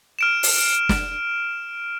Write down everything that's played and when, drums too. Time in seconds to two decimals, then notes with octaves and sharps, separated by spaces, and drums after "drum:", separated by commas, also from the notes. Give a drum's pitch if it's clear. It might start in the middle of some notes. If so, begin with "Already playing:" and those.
0.19 F6 D7 E7
0.43 drum: open hi-hat
0.89 drum: snare